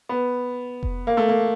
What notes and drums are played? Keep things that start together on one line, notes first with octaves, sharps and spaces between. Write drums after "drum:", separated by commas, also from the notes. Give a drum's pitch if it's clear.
B3
drum: kick F1
A#3
A3
A#3